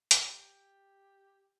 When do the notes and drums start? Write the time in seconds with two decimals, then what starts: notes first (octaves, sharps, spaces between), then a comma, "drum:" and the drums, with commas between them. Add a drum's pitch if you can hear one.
0.11 drum: hi-hat
0.23 G4